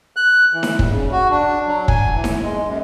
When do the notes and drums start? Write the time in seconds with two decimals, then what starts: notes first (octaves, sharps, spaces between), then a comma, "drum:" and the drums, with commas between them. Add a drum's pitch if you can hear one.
0.16 F#6
0.54 E3
0.63 drum: snare D#4
0.79 G3, drum: kick
0.91 C#3
1.12 F#4
1.31 D4
1.67 F#3
1.88 G#5, drum: kick
2.15 E3
2.24 drum: snare D#4
2.43 G#3
2.66 F#2